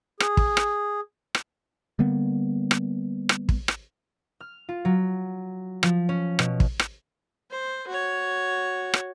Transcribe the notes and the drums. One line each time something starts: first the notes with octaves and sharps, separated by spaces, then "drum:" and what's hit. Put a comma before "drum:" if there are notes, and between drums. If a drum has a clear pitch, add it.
G#4, drum: rim click
drum: kick
drum: rim click
drum: rim click
D3 G3 A#3 B3
drum: rim click
drum: rim click
drum: kick
drum: rim click
F6
F4
F#3
F3, drum: rim click
C#4
B2, drum: rim click
drum: kick
drum: rim click
C5
F#4 C#5
drum: rim click